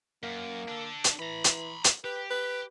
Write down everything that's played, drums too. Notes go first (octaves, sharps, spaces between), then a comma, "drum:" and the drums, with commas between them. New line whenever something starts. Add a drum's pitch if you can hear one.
F#2 A#3
D4 A4
drum: hi-hat
E3 A#5 B5
drum: hi-hat
drum: hi-hat
G4 B4
B4